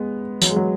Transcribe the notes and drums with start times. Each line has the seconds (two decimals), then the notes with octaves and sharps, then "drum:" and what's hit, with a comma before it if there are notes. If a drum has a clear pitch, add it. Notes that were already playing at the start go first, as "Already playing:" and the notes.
Already playing: G#3 B3
0.42 F#3, drum: tambourine
0.50 G#3
0.56 F#3